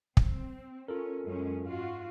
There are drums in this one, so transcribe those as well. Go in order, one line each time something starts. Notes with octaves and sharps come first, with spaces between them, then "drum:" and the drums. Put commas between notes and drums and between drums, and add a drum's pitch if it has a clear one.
C4, drum: kick
C#4 F4 A4 A#4
F#2 G#3 C#4
G#2 F4 F#4